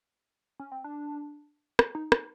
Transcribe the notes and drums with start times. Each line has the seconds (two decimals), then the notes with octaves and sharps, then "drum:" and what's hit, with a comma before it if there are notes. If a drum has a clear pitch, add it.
0.60 C#4
0.72 C4
0.84 D4
1.79 drum: rim click
1.95 D#4
2.12 drum: rim click